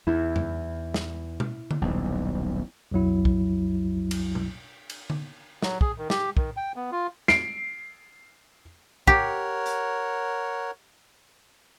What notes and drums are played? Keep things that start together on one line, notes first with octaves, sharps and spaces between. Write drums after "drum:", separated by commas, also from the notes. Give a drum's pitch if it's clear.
E2 E4
drum: tom F2
drum: snare
drum: tom B2
drum: tom D3
D#1 B1
B1 F2 F#3 E4
drum: kick
drum: cymbal
drum: tom B2
drum: cymbal
drum: tom D3
F#3, drum: snare
G#4, drum: kick
D#3
G4, drum: snare
D#3, drum: kick
G5
B3
F4
C7 D7, drum: snare
G4 A#4 C#5 F#5, drum: kick
drum: hi-hat